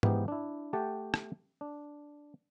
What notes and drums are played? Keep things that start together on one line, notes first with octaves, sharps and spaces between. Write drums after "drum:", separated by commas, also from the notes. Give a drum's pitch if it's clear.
G#2 E3 B3 D#4 G4, drum: tom G#2
D4 E4
A3 G4 F#5 G5 A5
drum: rim click
D4